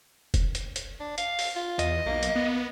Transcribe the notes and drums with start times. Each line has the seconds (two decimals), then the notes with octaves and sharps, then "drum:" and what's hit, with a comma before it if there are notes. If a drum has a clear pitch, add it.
0.34 drum: kick F1, hi-hat
0.55 drum: hi-hat
0.76 drum: hi-hat
1.00 D4
1.18 F5, drum: hi-hat
1.39 drum: open hi-hat
1.56 F4
1.79 E2 D#5, drum: hi-hat
2.06 B1 A#3
2.23 drum: hi-hat
2.36 B3